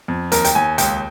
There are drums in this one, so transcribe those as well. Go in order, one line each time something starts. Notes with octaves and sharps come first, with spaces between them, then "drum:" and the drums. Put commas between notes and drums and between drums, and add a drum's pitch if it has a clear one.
F2
D#2 A#4, drum: hi-hat
G5, drum: hi-hat
D#2 G#5
C#2 G5, drum: hi-hat